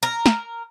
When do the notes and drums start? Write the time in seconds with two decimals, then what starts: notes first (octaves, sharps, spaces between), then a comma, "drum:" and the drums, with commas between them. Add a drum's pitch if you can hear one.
0.03 A#4
0.26 drum: snare